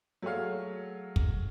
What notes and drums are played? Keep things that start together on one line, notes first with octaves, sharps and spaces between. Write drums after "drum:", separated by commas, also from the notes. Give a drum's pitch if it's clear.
F#3 A3 F#4 G#4 C#5 F5
drum: kick